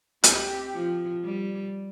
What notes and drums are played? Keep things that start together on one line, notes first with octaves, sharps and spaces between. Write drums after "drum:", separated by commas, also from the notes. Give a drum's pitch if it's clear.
C4 G4, drum: hi-hat
F3
G3